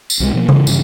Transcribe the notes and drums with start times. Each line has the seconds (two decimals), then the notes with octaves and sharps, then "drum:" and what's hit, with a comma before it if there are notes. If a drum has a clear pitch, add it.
0.10 drum: tambourine
0.20 C2 C3 F#3 G#3
0.33 B2 F3 A#3
0.49 C#3 E3, drum: tom C#3
0.67 G2 C#3 E3, drum: tambourine